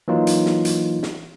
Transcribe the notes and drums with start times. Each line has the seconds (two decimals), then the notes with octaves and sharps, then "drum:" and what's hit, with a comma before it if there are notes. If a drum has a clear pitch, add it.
0.08 E3 F#3 A#3 D#4 F4
0.27 drum: hi-hat
0.46 drum: snare
0.65 drum: hi-hat
1.03 drum: snare